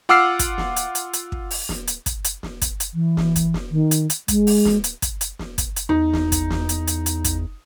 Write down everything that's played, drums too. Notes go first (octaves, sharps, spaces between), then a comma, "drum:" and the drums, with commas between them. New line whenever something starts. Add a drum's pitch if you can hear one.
F4 F#5 D6 E6 F6 C7
drum: kick, hi-hat
drum: snare
drum: hi-hat
drum: hi-hat
drum: hi-hat
drum: kick
drum: open hi-hat
drum: snare
drum: hi-hat
drum: kick, hi-hat
drum: hi-hat
drum: snare
drum: kick, hi-hat
drum: hi-hat
E3
drum: snare
drum: kick, hi-hat
drum: snare
D#3
drum: hi-hat
drum: hi-hat
G#3, drum: kick, hi-hat
drum: open hi-hat
drum: snare
drum: hi-hat
drum: kick, hi-hat
drum: hi-hat
drum: snare
drum: kick, hi-hat
drum: hi-hat
E2 D#4
drum: snare
drum: kick, hi-hat
drum: snare
drum: hi-hat
drum: hi-hat
drum: hi-hat
drum: kick, hi-hat